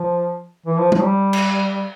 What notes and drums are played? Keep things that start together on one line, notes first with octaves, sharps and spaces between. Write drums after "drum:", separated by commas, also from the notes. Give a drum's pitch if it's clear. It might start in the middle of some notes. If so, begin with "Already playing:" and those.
Already playing: F3
E3
F3
F3, drum: tom
G3
drum: cymbal